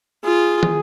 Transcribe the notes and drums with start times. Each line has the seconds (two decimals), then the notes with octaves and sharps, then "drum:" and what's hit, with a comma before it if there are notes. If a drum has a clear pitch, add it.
0.24 F4 G#4
0.63 drum: tom